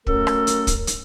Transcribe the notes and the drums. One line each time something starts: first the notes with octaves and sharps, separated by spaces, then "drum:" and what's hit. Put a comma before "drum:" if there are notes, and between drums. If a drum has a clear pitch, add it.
F#3 A3 C#4 A4 A#4, drum: kick
drum: rim click
drum: hi-hat
drum: kick, hi-hat
drum: hi-hat